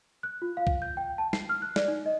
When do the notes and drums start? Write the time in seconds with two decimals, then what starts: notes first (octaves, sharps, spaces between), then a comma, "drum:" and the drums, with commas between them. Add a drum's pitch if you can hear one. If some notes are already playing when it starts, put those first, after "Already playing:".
0.23 F#6
0.42 F4
0.57 F5
0.67 drum: kick B1
0.82 G6
0.97 G5
1.18 A5
1.33 C7, drum: snare
1.49 F6
1.62 F#6
1.76 D5, drum: snare
1.88 D#4
2.06 D#5